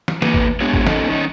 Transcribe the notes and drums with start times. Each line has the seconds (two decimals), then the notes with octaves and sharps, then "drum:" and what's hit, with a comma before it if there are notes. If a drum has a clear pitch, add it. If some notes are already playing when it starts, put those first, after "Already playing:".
0.08 drum: snare
0.22 E2 E3 A#3 B4, drum: snare
0.34 drum: kick
0.61 G#3 A3 B3 D4 G4 C#5
0.74 drum: kick
0.87 A#2 C#4 D#4 A4 D#5, drum: snare
1.08 D#3 C#4 D#4